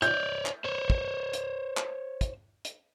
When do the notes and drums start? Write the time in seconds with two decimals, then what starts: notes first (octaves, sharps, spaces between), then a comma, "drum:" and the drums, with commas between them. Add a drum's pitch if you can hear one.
0.02 C#5 D5 G6, drum: hi-hat
0.46 drum: clap
0.64 C5 C#5
0.90 drum: kick
1.33 drum: hi-hat
1.77 drum: clap
2.21 drum: kick, hi-hat
2.65 drum: hi-hat